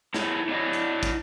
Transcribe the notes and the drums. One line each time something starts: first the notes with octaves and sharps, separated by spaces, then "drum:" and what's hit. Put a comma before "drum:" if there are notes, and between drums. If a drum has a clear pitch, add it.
E4 G#4 A4 C#5, drum: snare
D4 E4 C#5 D#5
drum: hi-hat
drum: kick, hi-hat